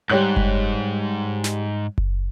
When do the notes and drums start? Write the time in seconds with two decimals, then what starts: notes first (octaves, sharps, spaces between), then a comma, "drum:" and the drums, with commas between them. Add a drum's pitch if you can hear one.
0.10 G#2 G3 C#5 F#6
0.36 drum: kick F#1
1.44 drum: snare
1.98 drum: kick F#1